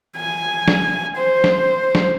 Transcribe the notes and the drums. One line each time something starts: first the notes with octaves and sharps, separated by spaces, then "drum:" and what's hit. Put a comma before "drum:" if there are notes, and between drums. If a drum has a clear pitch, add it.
G#5
drum: snare
C5
drum: snare
drum: snare